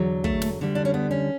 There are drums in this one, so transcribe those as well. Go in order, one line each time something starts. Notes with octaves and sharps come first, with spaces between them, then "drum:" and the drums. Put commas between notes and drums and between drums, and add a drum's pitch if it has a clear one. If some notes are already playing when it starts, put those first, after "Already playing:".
Already playing: E2 D3 F#3
A3, drum: kick
drum: snare
D2 D3 G3
D4
C#4
B3
C#4